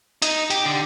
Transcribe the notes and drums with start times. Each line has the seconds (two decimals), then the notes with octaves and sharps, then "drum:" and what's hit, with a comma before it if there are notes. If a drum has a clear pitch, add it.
0.22 D#4, drum: hi-hat
0.50 G4, drum: hi-hat
0.66 D3